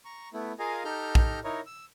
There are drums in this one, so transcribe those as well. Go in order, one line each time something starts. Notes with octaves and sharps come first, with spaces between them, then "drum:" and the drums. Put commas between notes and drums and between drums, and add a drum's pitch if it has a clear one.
A#5 C#6
A3 B3 E4
F4 G#4 A#4 D#5 F5 G#5
D#4 G4 A4 A#5 F6 G6
drum: kick A#1
D#4 E4 A#4 C#5 D#5
E6